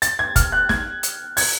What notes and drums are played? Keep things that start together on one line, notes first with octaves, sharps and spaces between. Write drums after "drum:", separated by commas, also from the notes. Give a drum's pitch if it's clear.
A6, drum: hi-hat
G#6
F6, drum: kick F1, hi-hat
F#6
G#6, drum: snare
drum: hi-hat
G#6, drum: open hi-hat